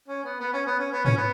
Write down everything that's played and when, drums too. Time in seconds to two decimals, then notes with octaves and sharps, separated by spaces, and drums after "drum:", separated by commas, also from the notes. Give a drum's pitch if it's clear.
0.08 C#4
0.24 B3
0.40 B3
0.53 C#4
0.66 B3
0.79 C#4
0.92 B3
1.05 C#4, drum: tom G#2
1.17 B3